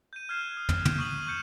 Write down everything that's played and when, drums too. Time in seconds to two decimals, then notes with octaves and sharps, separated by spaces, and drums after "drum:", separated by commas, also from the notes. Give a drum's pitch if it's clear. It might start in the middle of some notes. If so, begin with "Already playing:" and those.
0.13 G6 D#7
0.29 F6 F#6 G#6 C7 E7
0.57 D#6
0.69 drum: tom
0.85 G6, drum: tom
0.98 C#6 D#6 D#7 F#7
1.27 C#6 D#6 G6 C#7 E7